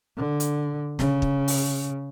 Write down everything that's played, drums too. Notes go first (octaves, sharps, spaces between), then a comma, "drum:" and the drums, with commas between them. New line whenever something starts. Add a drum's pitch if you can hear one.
D3
drum: hi-hat
C#3, drum: snare
drum: kick
drum: open hi-hat